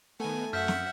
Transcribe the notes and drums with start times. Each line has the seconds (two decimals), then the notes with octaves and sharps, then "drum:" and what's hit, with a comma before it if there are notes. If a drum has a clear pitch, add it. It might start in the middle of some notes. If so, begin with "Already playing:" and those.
0.20 D#3 A3 B3 G#5
0.53 F#2 E5 F#5 F6 G6 B6
0.68 drum: snare